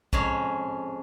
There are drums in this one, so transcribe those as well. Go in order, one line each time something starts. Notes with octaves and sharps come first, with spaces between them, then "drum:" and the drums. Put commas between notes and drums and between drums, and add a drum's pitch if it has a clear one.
F2 G#3 C#4 G#4 A#5, drum: kick